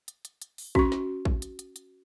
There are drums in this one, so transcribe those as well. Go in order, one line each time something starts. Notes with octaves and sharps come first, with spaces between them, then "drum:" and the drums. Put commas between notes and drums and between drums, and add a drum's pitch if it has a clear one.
drum: hi-hat
drum: hi-hat
drum: hi-hat
drum: open hi-hat
C#4 F#4 C#6, drum: kick
drum: snare
drum: kick
drum: hi-hat
drum: hi-hat
drum: hi-hat